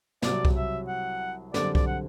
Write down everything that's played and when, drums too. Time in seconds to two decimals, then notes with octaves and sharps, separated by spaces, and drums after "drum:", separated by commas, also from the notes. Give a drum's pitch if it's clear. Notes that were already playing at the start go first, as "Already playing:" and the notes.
0.22 C2 C3 F#3 D5, drum: snare
0.45 drum: kick B1
0.56 E5
0.88 F#5
1.54 F#2 D3 G3 C4 D5, drum: snare
1.75 D5, drum: kick B1
1.87 F#5